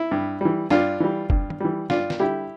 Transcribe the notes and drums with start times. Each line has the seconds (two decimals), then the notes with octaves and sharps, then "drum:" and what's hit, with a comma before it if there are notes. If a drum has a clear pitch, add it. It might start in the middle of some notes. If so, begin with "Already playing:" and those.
Already playing: E4
0.11 G2
0.41 E3 G3
0.70 G2 D4 F4, drum: snare
1.00 E3 G3
1.30 G2, drum: kick
1.50 drum: tom D#3
1.60 E3 G3
1.90 G2 D4 F4, drum: snare
2.10 drum: snare
2.20 D3 G3 E4 G4